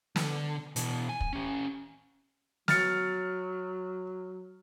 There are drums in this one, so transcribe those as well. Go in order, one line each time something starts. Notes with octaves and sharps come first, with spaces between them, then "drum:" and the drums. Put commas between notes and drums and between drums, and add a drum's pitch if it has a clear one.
D3, drum: snare
B2 E3, drum: hi-hat
G#5
drum: kick
C#4 G4
F#3 F6 A6 C#7, drum: snare